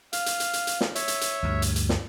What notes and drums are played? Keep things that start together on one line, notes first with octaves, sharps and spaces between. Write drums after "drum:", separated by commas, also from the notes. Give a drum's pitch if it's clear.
F5, drum: hi-hat
drum: hi-hat
drum: hi-hat
drum: hi-hat
drum: hi-hat
drum: snare
C#5 E5, drum: hi-hat
drum: hi-hat
drum: hi-hat
D2 G2
drum: hi-hat
drum: hi-hat
drum: snare